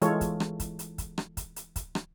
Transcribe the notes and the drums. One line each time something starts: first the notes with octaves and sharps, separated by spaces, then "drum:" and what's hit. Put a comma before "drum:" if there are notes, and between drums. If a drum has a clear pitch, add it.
E3 G#3 F4 A4 C#5, drum: hi-hat
drum: kick, hi-hat
drum: rim click
drum: kick, hi-hat
drum: hi-hat
drum: kick, hi-hat
drum: rim click
drum: kick, hi-hat
drum: hi-hat
drum: kick, hi-hat
drum: rim click